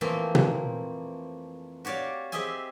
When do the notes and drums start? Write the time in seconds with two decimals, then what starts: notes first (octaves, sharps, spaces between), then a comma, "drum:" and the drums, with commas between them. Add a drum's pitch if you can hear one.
0.01 F2 E3 A3 A#3 C4
0.35 drum: tom B2
1.85 F#4 G4 C#5 D5 F5
2.32 C4 G4 G#4 D#5 E5 G#5